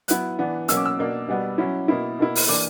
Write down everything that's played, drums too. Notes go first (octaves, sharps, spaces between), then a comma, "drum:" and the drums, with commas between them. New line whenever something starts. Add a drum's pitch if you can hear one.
F#3 B3 E4 F#6, drum: hi-hat
E3 B3 D4
B2 F#3 A#3 C#4 E6, drum: hi-hat
D6
E6
B2 A#3 D4
B2 G3 B3 D4
F#3 C#4 E4
B2 A#3 E4
B2 A#3 E4
drum: open hi-hat
E3 A#3 D4 D6